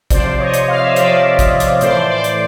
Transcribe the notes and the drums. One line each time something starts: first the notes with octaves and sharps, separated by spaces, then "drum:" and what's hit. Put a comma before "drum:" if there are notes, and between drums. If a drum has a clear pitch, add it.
C3 F3 C5 D5, drum: kick, hi-hat
C#5 D#5
drum: hi-hat
F5
E5
D#5
C3 F3 D5 E5, drum: hi-hat
drum: kick, hi-hat
drum: hi-hat
A2 E3 C5 D5, drum: hi-hat
C5 D5
drum: hi-hat